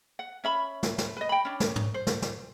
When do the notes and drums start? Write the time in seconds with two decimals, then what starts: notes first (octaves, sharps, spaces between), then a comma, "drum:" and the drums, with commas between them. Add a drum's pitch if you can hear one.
0.19 F#5
0.44 C#4 E5 B5
0.83 drum: snare
0.98 drum: snare
1.17 B4 D#5
1.29 G5 B5
1.45 C#4 D4
1.60 drum: snare
1.76 drum: tom
1.94 C5
2.07 drum: snare
2.22 drum: snare